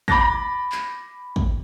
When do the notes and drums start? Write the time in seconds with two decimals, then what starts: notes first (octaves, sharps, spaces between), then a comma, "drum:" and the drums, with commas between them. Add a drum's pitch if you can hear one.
0.08 B5 D6 G6 A6 A#6, drum: kick
0.72 drum: clap
1.36 drum: kick